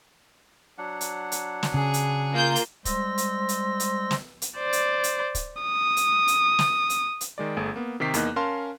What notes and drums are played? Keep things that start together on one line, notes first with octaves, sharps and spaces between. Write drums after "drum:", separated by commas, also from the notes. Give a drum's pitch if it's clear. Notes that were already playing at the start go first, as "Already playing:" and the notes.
F#3 D4 F#5
drum: hi-hat
drum: hi-hat
drum: snare
C#3 G#4
drum: hi-hat
A#3 F4 G6
drum: hi-hat
G3 G#3 C5 C6 E6 A#6, drum: kick, hi-hat
drum: hi-hat
drum: hi-hat
drum: hi-hat
drum: snare
drum: hi-hat
C5 D5
drum: hi-hat
drum: hi-hat
drum: kick, hi-hat
D#6
drum: hi-hat
drum: hi-hat
drum: snare
drum: hi-hat
drum: hi-hat
D#3 G#3 D5
G1 A3 G#4 D7
A#3 B3
C3 D#3 G4 B6 C7
E2 A#3 D#4 F#6, drum: hi-hat
C#4 A#4 F5 A5 C6